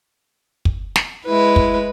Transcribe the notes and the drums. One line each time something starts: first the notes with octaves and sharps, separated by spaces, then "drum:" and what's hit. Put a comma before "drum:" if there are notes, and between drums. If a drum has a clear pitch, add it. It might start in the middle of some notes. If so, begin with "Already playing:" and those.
drum: kick
drum: snare
G#3 E4 B4
drum: kick